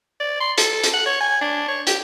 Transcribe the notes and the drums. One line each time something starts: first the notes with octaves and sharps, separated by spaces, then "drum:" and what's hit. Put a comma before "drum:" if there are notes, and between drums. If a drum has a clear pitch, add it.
D5
C6
A4, drum: hi-hat
drum: hi-hat
F#5
C#5
G#5
D4
C#5
G4, drum: hi-hat